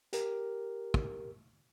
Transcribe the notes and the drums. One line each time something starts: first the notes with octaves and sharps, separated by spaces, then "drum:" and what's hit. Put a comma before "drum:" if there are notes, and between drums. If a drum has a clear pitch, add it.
G4 A#4, drum: hi-hat
drum: kick